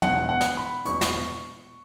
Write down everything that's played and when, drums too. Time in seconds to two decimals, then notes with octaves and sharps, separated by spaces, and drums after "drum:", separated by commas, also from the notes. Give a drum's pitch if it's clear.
0.02 E1 E2 B2 F#5, drum: tom
0.29 F#5
0.41 drum: snare
0.57 B5
0.85 E1 E2 B2 C#6, drum: hi-hat
1.01 drum: snare